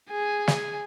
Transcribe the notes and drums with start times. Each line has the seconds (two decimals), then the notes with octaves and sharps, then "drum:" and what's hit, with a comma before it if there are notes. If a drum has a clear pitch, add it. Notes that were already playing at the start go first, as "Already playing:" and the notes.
0.11 G#4 G#5
0.48 drum: snare